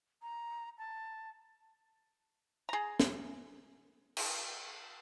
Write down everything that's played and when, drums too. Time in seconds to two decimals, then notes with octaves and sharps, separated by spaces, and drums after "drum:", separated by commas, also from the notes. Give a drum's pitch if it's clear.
0.22 A#5
0.78 A5
2.69 G#4 A#5
3.00 drum: snare
4.17 drum: cymbal